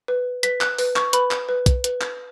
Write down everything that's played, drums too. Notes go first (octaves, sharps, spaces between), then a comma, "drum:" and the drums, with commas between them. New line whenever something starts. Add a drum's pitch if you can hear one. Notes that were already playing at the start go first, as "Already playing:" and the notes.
B4
B4 B6, drum: hi-hat
F#6, drum: clap
B4, drum: open hi-hat
C#6, drum: clap
B4 B5, drum: hi-hat
drum: clap
B4
drum: kick B1, hi-hat
B4, drum: hi-hat
drum: clap